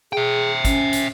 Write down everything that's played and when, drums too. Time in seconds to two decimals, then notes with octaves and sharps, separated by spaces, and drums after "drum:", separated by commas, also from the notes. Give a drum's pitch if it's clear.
0.13 G#4 E5 G5
0.65 C#4, drum: kick, hi-hat
0.93 drum: hi-hat